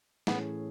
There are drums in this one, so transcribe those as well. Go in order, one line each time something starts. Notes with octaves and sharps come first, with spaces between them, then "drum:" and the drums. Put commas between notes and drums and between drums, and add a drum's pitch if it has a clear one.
A2 E3 A3 B3 C#4 G#4, drum: snare